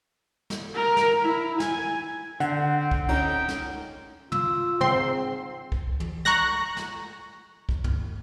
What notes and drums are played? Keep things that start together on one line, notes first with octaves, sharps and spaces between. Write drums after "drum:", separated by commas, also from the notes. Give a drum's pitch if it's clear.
drum: snare
A#4
drum: snare
E4
G#5, drum: snare
D3 C4 F#5, drum: hi-hat
drum: kick
C#4 D#4 G5 A#5, drum: cymbal
drum: snare
F4 E6, drum: tom
G#2 C4 C6 C7, drum: tom
drum: kick
drum: tom
A#5 C#6 F#6 A#6, drum: snare
drum: snare
drum: kick
drum: tom